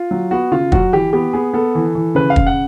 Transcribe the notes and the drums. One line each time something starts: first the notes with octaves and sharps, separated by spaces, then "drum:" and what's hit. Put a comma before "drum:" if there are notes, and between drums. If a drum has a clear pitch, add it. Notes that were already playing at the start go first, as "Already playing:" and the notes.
Already playing: F4
F#3
B3 F#4
C#3 F4
F#3 F#4, drum: kick
E3 G4
B3 G4
B3 G#4
B3 A4
E3
E3
C#3 B4
F5
C#3, drum: kick
F#5